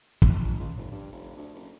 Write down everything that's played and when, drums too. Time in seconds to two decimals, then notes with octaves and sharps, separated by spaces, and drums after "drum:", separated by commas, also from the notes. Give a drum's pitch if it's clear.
0.22 C#2, drum: kick
0.39 G1
0.59 C#2
0.77 F1
0.91 G2
1.12 F1
1.37 D2
1.54 F#1